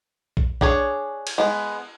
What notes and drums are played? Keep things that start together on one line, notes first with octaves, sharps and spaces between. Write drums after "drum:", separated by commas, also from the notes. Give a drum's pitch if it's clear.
drum: kick A#1
D4 G#4 C#5, drum: kick A#1
drum: cymbal
G#3 B3